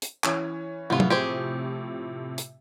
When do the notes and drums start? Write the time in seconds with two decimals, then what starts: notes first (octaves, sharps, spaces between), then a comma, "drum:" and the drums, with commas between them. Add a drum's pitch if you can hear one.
0.02 drum: hi-hat
0.24 E3 C#4, drum: clap
0.90 A2 C3 F3 B3 F4
1.00 drum: tom
1.10 G4 G#4 C5
2.38 drum: hi-hat